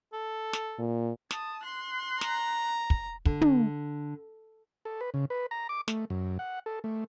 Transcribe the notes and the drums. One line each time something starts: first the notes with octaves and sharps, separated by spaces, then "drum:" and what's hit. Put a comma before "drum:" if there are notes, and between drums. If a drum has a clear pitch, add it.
A4
drum: snare
A#2
A5 D#6, drum: snare
C6 F#6
A#5, drum: snare
drum: kick
D3, drum: kick
drum: tom
A4
B4
C#3
B4
A#5
D6
A3, drum: snare
F#2
F#5
A4
A3